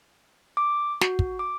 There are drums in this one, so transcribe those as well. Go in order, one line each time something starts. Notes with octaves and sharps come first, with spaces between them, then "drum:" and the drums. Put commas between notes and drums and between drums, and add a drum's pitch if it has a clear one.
D6
F#4, drum: snare
drum: kick
D6